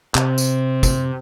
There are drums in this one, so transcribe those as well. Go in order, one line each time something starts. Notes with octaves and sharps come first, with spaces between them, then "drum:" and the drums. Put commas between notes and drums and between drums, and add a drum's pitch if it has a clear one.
C3, drum: clap
drum: tambourine
drum: kick, tambourine